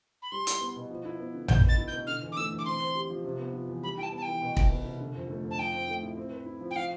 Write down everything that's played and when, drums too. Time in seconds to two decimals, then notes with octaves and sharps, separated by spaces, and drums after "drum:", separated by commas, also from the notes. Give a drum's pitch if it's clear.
0.22 B5
0.32 G3 C6
0.47 E4, drum: hi-hat
0.60 B3
0.76 B2
0.90 F3
1.05 E4
1.19 B3
1.34 D3
1.48 B3 G6, drum: tom A#1
1.64 B2 A6
1.78 E4
1.88 G6
1.92 B2
2.07 D3 F6
2.22 E2
2.32 D6
2.37 A3 E6
2.52 E2
2.58 D6
2.65 C4 C6
2.80 C5
2.95 G4
3.10 F3
3.24 C3
3.39 B3
3.53 F3
3.68 E2
3.83 G3 B5
3.97 E4 G5
4.03 A5
4.12 B3
4.17 A5
4.22 E3 G5
4.42 B2
4.57 C2, drum: kick
4.71 B3
4.85 C2
5.01 D3
5.15 F2
5.30 A3
5.44 F2
5.51 A5
5.59 F3 G5
5.74 C4
5.88 A3
6.03 A2
6.17 C4
6.31 B4
6.46 E4
6.60 F3
6.71 G5
6.76 F3 F5